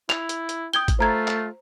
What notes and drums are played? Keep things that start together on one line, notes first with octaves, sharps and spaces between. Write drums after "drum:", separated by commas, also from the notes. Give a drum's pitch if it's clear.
E4 F7, drum: clap
drum: hi-hat
drum: hi-hat
G5 D#6 G#6 G7
drum: kick, hi-hat
A3 F4 C5 A#5 G#6
drum: clap